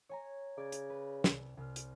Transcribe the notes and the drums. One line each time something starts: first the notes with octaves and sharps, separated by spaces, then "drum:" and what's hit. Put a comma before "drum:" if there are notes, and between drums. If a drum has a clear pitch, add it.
C#5 G#5 A#5
C#3 D5 G#6
drum: hi-hat
B4
C2, drum: snare
C2 F6
drum: hi-hat